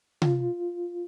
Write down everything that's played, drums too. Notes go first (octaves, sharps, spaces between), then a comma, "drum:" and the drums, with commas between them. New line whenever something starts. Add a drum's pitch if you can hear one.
F4, drum: tom C3